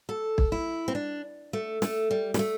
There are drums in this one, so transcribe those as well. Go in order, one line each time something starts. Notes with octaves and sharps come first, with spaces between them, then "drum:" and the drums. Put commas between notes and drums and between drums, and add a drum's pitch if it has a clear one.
A4
drum: kick
E4
C4
D4
A3
A3, drum: snare
G3
G3, drum: snare
A3